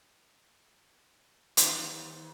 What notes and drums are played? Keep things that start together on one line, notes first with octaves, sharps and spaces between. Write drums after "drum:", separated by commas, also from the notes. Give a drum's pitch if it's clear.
D#2 C5, drum: hi-hat